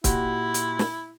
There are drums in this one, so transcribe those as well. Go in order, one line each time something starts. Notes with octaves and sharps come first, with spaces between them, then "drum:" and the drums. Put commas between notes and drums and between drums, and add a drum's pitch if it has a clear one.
A#2 E4 F#4 G4, drum: kick C#1, hi-hat
drum: hi-hat
drum: snare